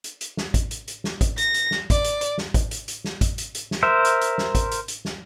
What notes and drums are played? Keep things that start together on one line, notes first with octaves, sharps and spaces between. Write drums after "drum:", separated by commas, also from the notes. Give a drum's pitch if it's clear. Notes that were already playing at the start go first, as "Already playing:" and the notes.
drum: hi-hat
drum: hi-hat
drum: snare
drum: kick G#1, hi-hat
drum: hi-hat
drum: hi-hat
drum: snare
drum: kick G#1, hi-hat
A#6, drum: hi-hat
drum: hi-hat
drum: snare
D5, drum: kick G#1, hi-hat
drum: hi-hat
drum: hi-hat
drum: snare
drum: kick G#1, hi-hat
drum: hi-hat
drum: hi-hat
drum: snare
drum: kick G#1, hi-hat
drum: hi-hat
drum: hi-hat
drum: snare
A#4 C5 E5
drum: hi-hat
drum: hi-hat
drum: snare
drum: kick G#1, hi-hat
drum: hi-hat
drum: hi-hat
drum: snare